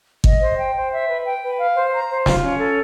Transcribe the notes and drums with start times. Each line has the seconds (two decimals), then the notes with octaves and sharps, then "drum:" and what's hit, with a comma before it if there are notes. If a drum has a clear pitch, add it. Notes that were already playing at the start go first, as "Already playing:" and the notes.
0.24 D#5, drum: kick
0.41 C5
0.57 G5
0.75 C5
0.91 E5
1.08 B4
1.25 G5
1.42 B4
1.58 F5
1.76 C5
1.93 A#5
2.10 C5
2.26 F4, drum: snare
2.42 C#4
2.59 A4